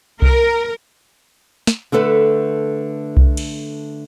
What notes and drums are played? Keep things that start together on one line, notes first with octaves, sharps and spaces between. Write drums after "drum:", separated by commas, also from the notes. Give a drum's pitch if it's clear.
A#4, drum: kick C2
drum: snare
D3 A3 A4 B4
drum: kick C2
drum: cymbal